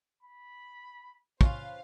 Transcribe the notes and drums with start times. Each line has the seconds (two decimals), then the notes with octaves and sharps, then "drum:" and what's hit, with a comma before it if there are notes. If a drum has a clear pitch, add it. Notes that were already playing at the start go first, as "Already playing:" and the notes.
0.23 B5
1.41 C#4 F4 B4 C5 F5, drum: kick